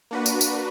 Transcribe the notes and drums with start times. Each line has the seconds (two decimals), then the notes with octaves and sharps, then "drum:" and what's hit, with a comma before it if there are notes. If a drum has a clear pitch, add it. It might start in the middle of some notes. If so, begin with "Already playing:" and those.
0.11 A#3 D4 F#4 B4
0.26 drum: tambourine
0.41 drum: tambourine